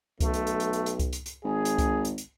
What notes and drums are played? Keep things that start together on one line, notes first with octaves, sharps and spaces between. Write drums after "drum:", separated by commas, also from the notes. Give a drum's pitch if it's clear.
B1 A3, drum: kick C2, hi-hat
drum: hi-hat
drum: hi-hat
drum: hi-hat
drum: hi-hat
drum: hi-hat
drum: kick C2, hi-hat
drum: hi-hat
drum: hi-hat
G#1 G#4
drum: hi-hat
drum: kick C2, hi-hat
drum: hi-hat
drum: hi-hat